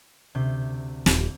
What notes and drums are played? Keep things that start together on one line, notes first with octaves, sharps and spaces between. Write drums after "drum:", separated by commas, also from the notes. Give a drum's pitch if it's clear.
D2 C3 G6
D#1, drum: snare